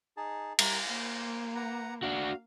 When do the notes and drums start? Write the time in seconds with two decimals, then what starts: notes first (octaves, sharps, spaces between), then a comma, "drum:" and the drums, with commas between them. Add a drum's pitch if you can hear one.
0.17 D#4 G#4 A5
0.59 G3 A#4, drum: cymbal
0.89 A#3 C5
1.55 B4 F#5 A#5
2.03 D4 F#4 F5